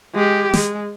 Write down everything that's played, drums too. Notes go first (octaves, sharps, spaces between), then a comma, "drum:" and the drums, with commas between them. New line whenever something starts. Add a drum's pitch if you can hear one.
G#3 G4
G#3, drum: snare